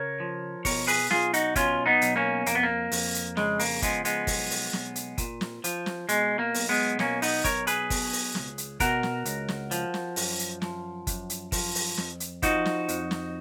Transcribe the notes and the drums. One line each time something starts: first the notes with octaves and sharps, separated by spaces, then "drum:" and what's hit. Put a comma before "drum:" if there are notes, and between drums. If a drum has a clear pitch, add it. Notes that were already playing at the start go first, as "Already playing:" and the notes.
Already playing: C#3 A#4 C#5
F3
B2 A#4 C#5, drum: kick G1, open hi-hat
G#4 B4, drum: open hi-hat
B1 F4 G#4, drum: snare
D#4 F#4, drum: hi-hat
B2 C#4 F4, drum: kick G1, hi-hat
B3 D#4
B1, drum: hi-hat
A#3 C#4
F2 A#3, drum: hi-hat
B3
A#3
F2, drum: open hi-hat
drum: hi-hat
C#3 G#3, drum: snare
A#3, drum: open hi-hat
F3 G#3 B3, drum: kick G1, hi-hat
G#3 B3, drum: hi-hat
B1, drum: kick G1, open hi-hat
drum: open hi-hat
B1, drum: snare
drum: hi-hat
A#2, drum: kick G1, hi-hat
drum: snare
F3, drum: hi-hat
drum: snare
B2 G#3, drum: hi-hat
A#3
B1, drum: open hi-hat
G#3 B3
B2 A#3 C#4, drum: snare
B3 D#4, drum: open hi-hat
B1 A#4 C#5, drum: kick G1, hi-hat
G#4 B4, drum: hi-hat
B2, drum: kick G1, open hi-hat
drum: open hi-hat
C#2, drum: snare
drum: hi-hat
B2 F#4 A#4, drum: kick G1, hi-hat
drum: snare
C#2, drum: hi-hat
drum: snare
F3, drum: hi-hat
drum: snare
F#2, drum: open hi-hat
drum: hi-hat
F3, drum: snare
F#2, drum: kick G1, hi-hat
drum: hi-hat
F3, drum: kick G1, open hi-hat
drum: open hi-hat
F2, drum: snare
drum: hi-hat
F3 D#4 F#4, drum: kick G1, hi-hat
drum: snare
F2, drum: hi-hat
drum: snare